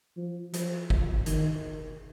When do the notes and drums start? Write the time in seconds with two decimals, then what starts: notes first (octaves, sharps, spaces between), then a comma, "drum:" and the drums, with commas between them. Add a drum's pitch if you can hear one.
0.17 F3
0.54 F3, drum: hi-hat
0.90 drum: kick F#1
1.26 D#3, drum: hi-hat